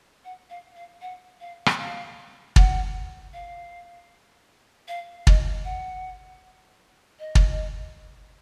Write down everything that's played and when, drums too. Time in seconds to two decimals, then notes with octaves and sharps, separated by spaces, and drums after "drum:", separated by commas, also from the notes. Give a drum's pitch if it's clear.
0.25 F#5
0.50 F5
0.76 F5
1.02 F#5
1.41 F5
1.66 drum: rim click
1.79 F5
2.56 F#5, drum: kick
3.33 F5
4.88 F5
5.27 D#5, drum: kick
5.65 F#5
7.19 D#5
7.35 drum: kick